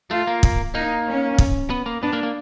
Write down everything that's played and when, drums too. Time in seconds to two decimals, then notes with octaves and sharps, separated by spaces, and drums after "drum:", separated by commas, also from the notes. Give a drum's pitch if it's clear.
0.11 A3 F4
0.27 A#3
0.43 drum: kick
0.74 A#3 D#4
1.07 C#4
1.38 drum: kick
1.70 B3
1.86 A#3
2.02 B3 D4
2.13 A#3
2.23 A#3